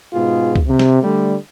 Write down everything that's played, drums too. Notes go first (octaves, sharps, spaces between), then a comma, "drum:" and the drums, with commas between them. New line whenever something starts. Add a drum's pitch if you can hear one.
G#2 B2 F4 G#4
drum: kick
C3
drum: snare
D3 G3 A3